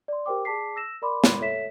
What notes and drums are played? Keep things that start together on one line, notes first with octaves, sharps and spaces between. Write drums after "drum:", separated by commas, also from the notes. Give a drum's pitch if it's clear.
D5 C6
G4 A#4 C5 G5 D6
G#4 D5 A5 D6 B6 C7
E6 A#6 E7
A#4 D5 B5 C6 D6
drum: snare
A4 C#5 E5 B6 E7